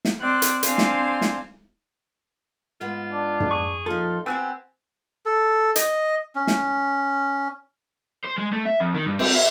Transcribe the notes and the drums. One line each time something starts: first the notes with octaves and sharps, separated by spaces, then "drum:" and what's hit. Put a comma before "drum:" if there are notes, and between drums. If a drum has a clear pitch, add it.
drum: snare
C4 D5 F#6
drum: hi-hat
C4 D4 C5 F5 G#5, drum: hi-hat
drum: snare
drum: snare
G#2 G#3 B3 F4
D4
drum: tom
G#4 C#6
A#2 F3 D#4 F4 A4
B3 C4 F#4 G4 G5 G#5 E6 F#6
A4
D#5, drum: hi-hat
C#4
drum: snare
C5
G#3
A3
E5
F2
D#3
G2
C4, drum: cymbal
E5